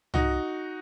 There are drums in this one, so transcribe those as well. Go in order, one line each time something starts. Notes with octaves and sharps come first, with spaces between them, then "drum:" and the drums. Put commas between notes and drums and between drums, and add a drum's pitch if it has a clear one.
D#4 F#4, drum: tom C2